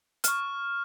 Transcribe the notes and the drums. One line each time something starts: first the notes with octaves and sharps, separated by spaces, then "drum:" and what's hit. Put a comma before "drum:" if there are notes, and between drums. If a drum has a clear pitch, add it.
C#6 F6, drum: hi-hat